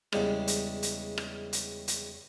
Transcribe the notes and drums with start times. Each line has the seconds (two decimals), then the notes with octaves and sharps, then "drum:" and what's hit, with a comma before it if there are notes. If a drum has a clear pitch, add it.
0.12 E2 C#3 G3 G#3, drum: rim click
0.48 drum: hi-hat
0.83 drum: hi-hat
1.18 drum: rim click
1.53 drum: hi-hat
1.88 drum: hi-hat